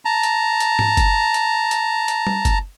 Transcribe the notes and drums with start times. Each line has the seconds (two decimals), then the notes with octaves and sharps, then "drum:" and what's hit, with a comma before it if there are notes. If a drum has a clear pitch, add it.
0.05 A5 A#5
0.23 drum: hi-hat
0.60 drum: hi-hat
0.79 drum: tom G#2
0.97 drum: kick F#1, hi-hat
1.34 drum: hi-hat
1.71 drum: hi-hat
2.08 drum: hi-hat
2.27 drum: tom G3
2.45 drum: kick F#1, hi-hat